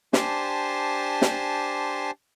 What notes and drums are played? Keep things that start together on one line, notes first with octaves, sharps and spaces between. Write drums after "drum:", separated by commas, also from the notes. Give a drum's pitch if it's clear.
D4 G4 C5 G#5 A5 C6, drum: snare
drum: snare